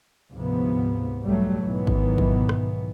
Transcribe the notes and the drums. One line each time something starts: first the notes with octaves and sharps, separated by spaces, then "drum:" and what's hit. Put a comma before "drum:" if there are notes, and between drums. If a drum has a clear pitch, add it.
D2 G#2 C3 F3 B3
B1 F#3 G3 A3
B1 G#2 D#3 E3 F#3 B3
drum: kick G#1
drum: kick G#1
drum: rim click